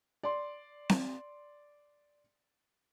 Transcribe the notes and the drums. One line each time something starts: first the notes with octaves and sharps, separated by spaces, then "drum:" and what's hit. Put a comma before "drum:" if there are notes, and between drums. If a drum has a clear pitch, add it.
D5 C6
drum: snare C4